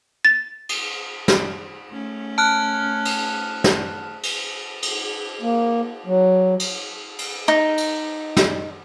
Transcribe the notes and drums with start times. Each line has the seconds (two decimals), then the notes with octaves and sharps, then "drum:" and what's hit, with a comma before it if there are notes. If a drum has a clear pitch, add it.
0.25 A6
0.69 drum: cymbal
1.28 drum: snare
1.91 A3 C#4
2.38 A5 F6 F#6
3.05 drum: cymbal
3.64 drum: snare
4.23 drum: cymbal
4.82 drum: cymbal
5.42 A#3
6.06 F#3
6.59 drum: cymbal
7.19 drum: cymbal
7.48 D#4
7.78 drum: cymbal
8.37 drum: snare